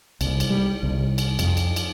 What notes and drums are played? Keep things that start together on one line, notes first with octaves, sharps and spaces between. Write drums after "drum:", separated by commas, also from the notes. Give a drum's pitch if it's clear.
C2, drum: cymbal
drum: cymbal
G3
C2
drum: cymbal
F2, drum: cymbal
drum: cymbal
drum: cymbal